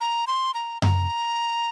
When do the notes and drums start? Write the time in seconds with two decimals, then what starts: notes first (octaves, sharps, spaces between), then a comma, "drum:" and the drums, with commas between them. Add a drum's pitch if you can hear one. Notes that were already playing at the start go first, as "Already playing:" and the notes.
0.01 A#5
0.27 C6
0.54 A#5
0.82 A#5, drum: tom F#2